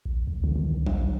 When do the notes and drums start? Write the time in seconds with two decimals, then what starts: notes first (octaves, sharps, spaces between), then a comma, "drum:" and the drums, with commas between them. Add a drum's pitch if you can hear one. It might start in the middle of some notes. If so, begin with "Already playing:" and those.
0.05 A#1
0.27 D2
0.44 D3
0.55 D#3
0.71 C#2
0.86 A#1, drum: tom F#3